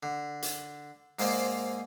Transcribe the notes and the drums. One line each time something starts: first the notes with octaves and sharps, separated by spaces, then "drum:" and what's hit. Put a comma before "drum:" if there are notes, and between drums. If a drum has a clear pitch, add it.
D3
drum: hi-hat
G#2 A#3 C5 D5 G5, drum: open hi-hat